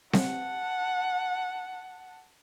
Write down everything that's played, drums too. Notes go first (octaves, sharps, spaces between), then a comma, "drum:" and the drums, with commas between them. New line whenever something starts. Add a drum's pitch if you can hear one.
F#5 A5, drum: snare C4